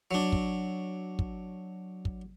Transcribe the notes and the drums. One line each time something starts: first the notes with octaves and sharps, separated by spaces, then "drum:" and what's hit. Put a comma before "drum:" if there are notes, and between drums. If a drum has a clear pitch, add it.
F#3 D4
drum: kick
drum: kick
drum: kick